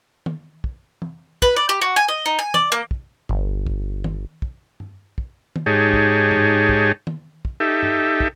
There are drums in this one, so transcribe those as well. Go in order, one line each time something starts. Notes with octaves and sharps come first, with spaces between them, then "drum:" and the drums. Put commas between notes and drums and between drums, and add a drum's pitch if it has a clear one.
drum: tom D#3
drum: kick
drum: tom
B4, drum: kick
D5
G4
F#4
G#5
D#5
D#4
G#5
D5, drum: tom
A#3
drum: kick
G1, drum: tom G2
drum: kick
drum: tom D#3
drum: kick
drum: tom G2
drum: kick
drum: tom D#3
G#2 D#4 G4 G#4 C#5 A5
drum: kick
drum: tom G2
drum: kick
drum: tom D#3
drum: kick
D#4 G4 A4 E5
drum: tom G2
drum: kick